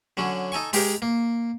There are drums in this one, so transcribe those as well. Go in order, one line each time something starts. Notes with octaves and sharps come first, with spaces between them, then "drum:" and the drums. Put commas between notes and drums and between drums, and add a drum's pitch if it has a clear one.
D3 F#3 C#4
D#4 A4 G#5 C#6
G#3 G4 G#4 A#4, drum: open hi-hat
A#3